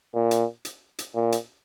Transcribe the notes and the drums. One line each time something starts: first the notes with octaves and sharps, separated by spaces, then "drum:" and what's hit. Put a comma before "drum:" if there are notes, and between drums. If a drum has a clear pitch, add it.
A#2
drum: hi-hat
drum: hi-hat
drum: hi-hat
A#2
drum: hi-hat